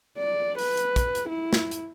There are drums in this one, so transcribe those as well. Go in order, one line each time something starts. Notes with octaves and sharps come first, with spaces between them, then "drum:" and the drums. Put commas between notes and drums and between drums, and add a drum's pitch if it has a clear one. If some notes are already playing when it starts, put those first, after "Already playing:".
D5
B4, drum: open hi-hat
drum: hi-hat
drum: kick, hi-hat
drum: hi-hat
E4
drum: snare
drum: hi-hat